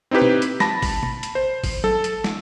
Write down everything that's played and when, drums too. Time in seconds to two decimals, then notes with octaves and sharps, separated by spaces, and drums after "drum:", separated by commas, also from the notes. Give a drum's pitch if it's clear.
0.11 C4 D#4 E4 G4 B4
0.22 drum: tom B2
0.42 drum: hi-hat
0.60 A5 B5 A#6, drum: snare
0.82 drum: kick G#1, open hi-hat
1.03 drum: tom B2
1.23 drum: hi-hat
1.35 C5
1.64 drum: kick G#1, open hi-hat
1.84 A4, drum: tom F#3
2.04 drum: hi-hat
2.24 drum: snare